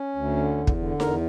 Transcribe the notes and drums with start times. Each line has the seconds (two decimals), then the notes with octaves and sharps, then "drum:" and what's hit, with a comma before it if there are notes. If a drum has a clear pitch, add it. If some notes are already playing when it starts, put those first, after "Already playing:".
Already playing: C#4
0.16 D2
0.36 D3
0.57 E2
0.67 drum: kick
0.78 D3
1.00 E2 A#4, drum: snare D#4